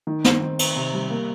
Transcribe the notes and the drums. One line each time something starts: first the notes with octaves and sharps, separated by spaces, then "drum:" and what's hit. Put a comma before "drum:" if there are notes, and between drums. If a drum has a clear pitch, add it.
D#3
C4, drum: snare
D#3
C4, drum: cymbal
C3
G3
A#3